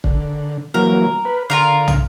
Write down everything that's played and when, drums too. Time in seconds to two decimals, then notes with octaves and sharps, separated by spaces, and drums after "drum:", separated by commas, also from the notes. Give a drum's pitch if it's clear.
0.04 D3, drum: kick
0.74 E3 F#3 A#3 A#4
1.25 B4
1.50 D3 F4 A#4 F5
1.88 drum: tom